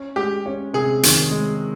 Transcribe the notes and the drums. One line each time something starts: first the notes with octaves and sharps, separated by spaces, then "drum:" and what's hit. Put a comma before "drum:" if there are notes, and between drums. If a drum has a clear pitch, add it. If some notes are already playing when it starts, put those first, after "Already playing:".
Already playing: C#4
G#3 G4
C#4
C3 G#4
D#3, drum: hi-hat
G#3